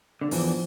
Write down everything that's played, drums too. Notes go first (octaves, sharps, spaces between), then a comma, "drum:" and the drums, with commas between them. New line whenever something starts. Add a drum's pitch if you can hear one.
D3
E2 E3 F3, drum: open hi-hat